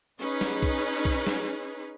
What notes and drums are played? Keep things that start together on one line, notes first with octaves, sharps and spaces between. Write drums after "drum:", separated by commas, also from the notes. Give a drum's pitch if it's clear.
C#4 D#4 G#4 B4
drum: snare
drum: kick B1
drum: kick B1
drum: snare